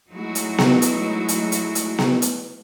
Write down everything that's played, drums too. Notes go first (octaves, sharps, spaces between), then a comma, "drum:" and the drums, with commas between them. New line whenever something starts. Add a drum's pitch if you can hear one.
F#3 G#3 A3 D#4 E4 F#4
drum: hi-hat
drum: snare B3
drum: hi-hat
drum: hi-hat
drum: hi-hat
drum: hi-hat
drum: snare B3
drum: hi-hat